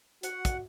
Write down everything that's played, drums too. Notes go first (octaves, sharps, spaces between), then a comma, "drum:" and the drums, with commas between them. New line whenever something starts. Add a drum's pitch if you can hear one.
F#4 F#5, drum: hi-hat
drum: kick, hi-hat